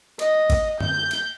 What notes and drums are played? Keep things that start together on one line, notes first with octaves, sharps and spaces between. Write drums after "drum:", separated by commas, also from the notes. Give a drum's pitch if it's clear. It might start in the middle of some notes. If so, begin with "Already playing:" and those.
D#5, drum: cymbal
drum: kick G#1, cymbal
G6, drum: tom F#2
drum: cymbal